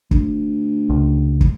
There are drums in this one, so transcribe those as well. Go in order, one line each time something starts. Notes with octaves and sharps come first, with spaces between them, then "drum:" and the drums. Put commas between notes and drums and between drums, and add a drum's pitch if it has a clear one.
D2, drum: kick
C#2
drum: kick